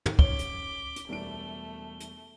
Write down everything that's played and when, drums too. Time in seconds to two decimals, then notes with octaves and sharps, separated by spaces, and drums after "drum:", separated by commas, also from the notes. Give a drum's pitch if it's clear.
0.06 drum: tom
0.19 C#4 C#5 D6 B6 G7, drum: kick
0.39 drum: hi-hat
0.96 drum: hi-hat
1.09 E1 G3 A3 D7
2.00 drum: hi-hat